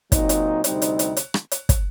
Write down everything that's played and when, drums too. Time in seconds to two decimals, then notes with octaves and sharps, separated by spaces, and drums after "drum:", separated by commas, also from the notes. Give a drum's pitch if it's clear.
0.12 A#2 F#3 C4 D#4, drum: kick, hi-hat
0.29 drum: hi-hat
0.64 D2 C3 G3 C4 D#4, drum: hi-hat
0.82 drum: hi-hat
0.99 drum: hi-hat
1.17 drum: hi-hat
1.34 drum: rim click
1.51 drum: hi-hat
1.69 drum: kick, hi-hat